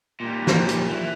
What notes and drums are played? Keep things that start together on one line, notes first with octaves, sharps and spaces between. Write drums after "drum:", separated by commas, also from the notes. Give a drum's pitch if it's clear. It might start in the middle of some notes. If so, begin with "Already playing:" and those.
A#2 G3
drum: snare
drum: hi-hat
E3